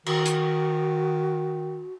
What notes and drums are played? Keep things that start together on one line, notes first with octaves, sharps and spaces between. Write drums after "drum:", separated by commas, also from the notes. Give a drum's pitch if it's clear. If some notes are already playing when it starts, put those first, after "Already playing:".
D#3 F#4, drum: cymbal
drum: hi-hat